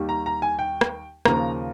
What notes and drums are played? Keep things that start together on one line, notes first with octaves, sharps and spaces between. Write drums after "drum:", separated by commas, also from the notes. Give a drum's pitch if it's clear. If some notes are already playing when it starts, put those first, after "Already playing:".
Already playing: D#2 D#3 G3
A#5
A#5
G#5
G5
drum: rim click
D#2 C#3 F3 A#3 A#5, drum: rim click